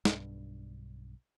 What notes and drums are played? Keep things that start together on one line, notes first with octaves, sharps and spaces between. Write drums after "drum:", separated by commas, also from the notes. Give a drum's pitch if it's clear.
B1 G2 D4, drum: snare